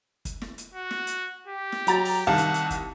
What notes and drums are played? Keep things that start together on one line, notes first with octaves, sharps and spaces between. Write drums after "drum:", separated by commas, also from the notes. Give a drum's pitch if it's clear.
drum: kick, hi-hat
drum: snare
drum: hi-hat
F#4
drum: snare
drum: hi-hat
G4
drum: snare
F#3 A#5 A6, drum: hi-hat
drum: open hi-hat
C2 D#3 F5 F#5 A5
drum: hi-hat
drum: hi-hat
drum: kick, hi-hat